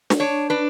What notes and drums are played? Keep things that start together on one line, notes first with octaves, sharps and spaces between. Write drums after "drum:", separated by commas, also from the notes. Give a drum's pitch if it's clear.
drum: snare
D4 C#5
D4 B4